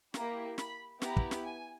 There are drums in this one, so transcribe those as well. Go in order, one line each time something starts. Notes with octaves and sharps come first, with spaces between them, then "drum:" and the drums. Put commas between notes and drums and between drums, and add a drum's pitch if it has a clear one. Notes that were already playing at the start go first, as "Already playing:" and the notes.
A#3 E4 G4 A#5, drum: snare
B5, drum: snare
B3 E4 G4 A#5, drum: snare
drum: kick
drum: snare
G#5